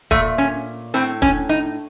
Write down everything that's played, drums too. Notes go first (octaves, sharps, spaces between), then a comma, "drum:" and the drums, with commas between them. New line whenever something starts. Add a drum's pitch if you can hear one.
A#2 A3, drum: kick E1
C#4
A2 C4
C#4, drum: kick E1
D#4